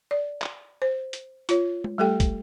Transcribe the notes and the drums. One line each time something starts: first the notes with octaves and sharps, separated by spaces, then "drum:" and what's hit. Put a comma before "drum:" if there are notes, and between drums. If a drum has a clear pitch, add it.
D5
drum: clap
C5
drum: hi-hat
F4 C#5, drum: hi-hat
drum: tom G#3
G3 A3 G4 A4 G5
drum: kick, hi-hat